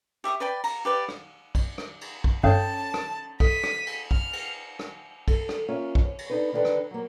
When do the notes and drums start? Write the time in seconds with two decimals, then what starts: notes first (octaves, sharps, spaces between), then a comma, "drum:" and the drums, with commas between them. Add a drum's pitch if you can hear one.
0.24 G4 E5 C#6 D#6
0.40 B4 D5 G5 B5
0.64 A#5, drum: cymbal
0.85 G4 B4 D5
1.08 drum: rim click
1.55 drum: kick, cymbal
1.78 drum: rim click
2.01 drum: cymbal
2.24 drum: kick
2.43 G#1 G2 C#4 A4 C#5 F5 A5
2.94 drum: rim click
3.40 A4 B6 D#7, drum: kick, cymbal
3.63 drum: rim click
3.87 drum: cymbal
4.11 F6, drum: kick
4.33 drum: cymbal
4.79 drum: rim click
5.28 A4, drum: kick, cymbal
5.49 drum: rim click
5.68 A#3 C#4 F4 E5
5.95 drum: kick
6.05 C#5
6.18 drum: cymbal
6.30 D4 D#4 A4 B4
6.52 D3 D#3 D4 E4 A4 B4
6.65 drum: rim click
6.91 F#3 A#3